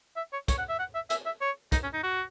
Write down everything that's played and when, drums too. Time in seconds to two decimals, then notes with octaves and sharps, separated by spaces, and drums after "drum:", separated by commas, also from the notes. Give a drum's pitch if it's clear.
0.16 E5
0.33 C#5
0.48 C#5, drum: kick, hi-hat
0.58 F#5
0.69 E5
0.79 F#5
0.95 E5
1.10 E5, drum: hi-hat
1.26 E5
1.41 C#5
1.72 D#4, drum: kick, hi-hat
1.83 C#4
1.93 D#4
2.03 F#4